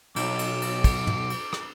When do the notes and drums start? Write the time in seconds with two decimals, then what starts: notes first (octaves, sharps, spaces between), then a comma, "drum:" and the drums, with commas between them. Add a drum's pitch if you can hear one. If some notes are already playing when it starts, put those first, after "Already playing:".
0.16 B1 D6, drum: cymbal
0.39 drum: cymbal
0.62 drum: cymbal
0.84 drum: kick, cymbal
1.07 drum: tom
1.30 drum: cymbal
1.53 drum: rim click